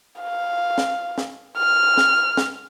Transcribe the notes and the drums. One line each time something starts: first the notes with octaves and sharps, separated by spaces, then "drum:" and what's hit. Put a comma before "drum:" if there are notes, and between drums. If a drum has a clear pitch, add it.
F5
drum: snare
drum: snare
F6
drum: snare
drum: snare